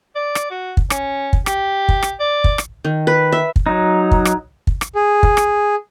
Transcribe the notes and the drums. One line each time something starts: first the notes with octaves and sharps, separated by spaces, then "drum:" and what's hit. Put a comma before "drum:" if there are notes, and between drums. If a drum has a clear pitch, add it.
D5
drum: rim click
F#4
drum: kick
C#4, drum: rim click
drum: kick
G4, drum: rim click
drum: kick
drum: rim click
D5
drum: kick
drum: rim click
D#3
B4
E5
drum: kick
F#3 D#4
drum: kick
drum: rim click
drum: kick
drum: rim click
G#4
drum: kick
drum: rim click